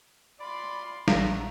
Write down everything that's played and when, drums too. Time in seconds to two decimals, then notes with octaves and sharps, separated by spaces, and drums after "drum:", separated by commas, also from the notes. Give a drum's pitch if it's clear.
0.40 F4 D5 B5 C6
1.08 A#1 A3 F#4 G4 F#5 A#5, drum: snare